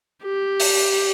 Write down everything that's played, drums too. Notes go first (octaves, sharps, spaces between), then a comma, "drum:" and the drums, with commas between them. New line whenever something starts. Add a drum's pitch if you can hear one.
G4
drum: open hi-hat